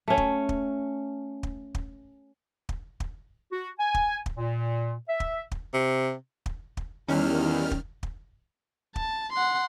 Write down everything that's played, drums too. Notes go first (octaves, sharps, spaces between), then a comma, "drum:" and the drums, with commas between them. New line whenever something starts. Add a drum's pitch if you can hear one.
A3 C#4
drum: kick
drum: kick
drum: kick
drum: kick
drum: kick
drum: kick
F#4
G#5
drum: kick
drum: kick
A#2
E5
drum: kick
drum: kick
C3
drum: kick
drum: kick
E2 D#3 G3 C#4 F6
drum: kick
drum: kick
A5, drum: kick
F#5 C6